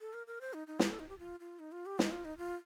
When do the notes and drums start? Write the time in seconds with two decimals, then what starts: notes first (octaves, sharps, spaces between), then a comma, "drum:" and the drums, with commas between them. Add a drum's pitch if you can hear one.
0.01 A4
0.13 A#4
0.27 A#4
0.41 C5
0.53 D#4
0.67 D#4
0.79 G4, drum: snare
0.89 A4
0.99 D#4
1.09 G4
1.19 F4
1.40 F4
1.59 D#4
1.72 F4
1.86 G4
1.99 D#4, drum: snare
2.11 F4
2.25 D#4
2.38 F4